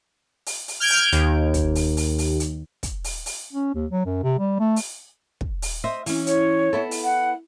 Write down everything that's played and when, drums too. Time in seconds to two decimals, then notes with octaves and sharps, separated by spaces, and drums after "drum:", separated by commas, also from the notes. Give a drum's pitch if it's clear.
0.46 drum: open hi-hat
0.68 drum: open hi-hat
0.80 F6 G6 G#6 D7
0.89 drum: open hi-hat
1.12 D#2, drum: hi-hat
1.54 drum: kick, hi-hat
1.75 drum: open hi-hat
1.97 drum: open hi-hat
2.18 drum: open hi-hat
2.40 drum: hi-hat
2.83 drum: kick, hi-hat
3.04 drum: open hi-hat
3.26 drum: open hi-hat
3.53 C#4
3.75 D#2
3.91 F#3
4.06 F#2
4.24 C3
4.39 G3
4.60 A3
4.76 drum: open hi-hat
5.41 drum: kick
5.62 drum: open hi-hat
5.84 C5 D#5 E5
6.06 E3 C#4, drum: open hi-hat
6.27 C#5, drum: hi-hat
6.73 B3 E4 A4
6.91 drum: open hi-hat
7.04 F#5